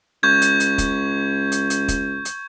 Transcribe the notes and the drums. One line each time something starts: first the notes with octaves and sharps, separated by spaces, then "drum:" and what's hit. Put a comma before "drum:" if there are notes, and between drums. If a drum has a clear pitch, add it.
C#2 C#6 G6 G#6
drum: hi-hat
drum: hi-hat
drum: kick, hi-hat
drum: hi-hat
drum: hi-hat
drum: kick, hi-hat
drum: hi-hat